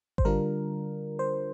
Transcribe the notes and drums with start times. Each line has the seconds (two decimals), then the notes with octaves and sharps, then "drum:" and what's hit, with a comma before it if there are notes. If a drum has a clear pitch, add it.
0.18 C5, drum: kick G#1
0.25 D3 G3 D4 F4 A#4
1.19 C5